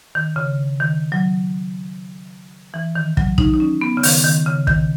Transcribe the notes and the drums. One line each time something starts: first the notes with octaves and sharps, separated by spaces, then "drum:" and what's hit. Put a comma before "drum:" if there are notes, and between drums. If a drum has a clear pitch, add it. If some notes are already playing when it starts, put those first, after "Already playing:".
D#3
C#3
D#3
F#3
E3
D#3
F#3, drum: kick
D#4, drum: kick
D#4
C#4
B3
C#3
D#3, drum: open hi-hat
D#3
C#3
D#3, drum: kick